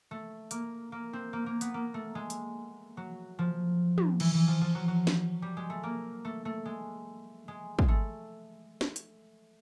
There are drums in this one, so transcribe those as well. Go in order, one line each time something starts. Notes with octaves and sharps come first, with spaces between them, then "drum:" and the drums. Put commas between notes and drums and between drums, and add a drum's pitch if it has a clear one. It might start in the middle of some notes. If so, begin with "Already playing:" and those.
A3
A#3, drum: hi-hat
A#3
C4
A#3
A#3
B3, drum: hi-hat
A#3
A3
G#3
drum: hi-hat
F#3
F3
drum: tom
E3, drum: cymbal
E3
F3
F3
F#3
F#3
drum: snare
G3
G#3
A3
A#3
A3
A3
G#3
G#3
G#3, drum: kick
A3
drum: snare
drum: hi-hat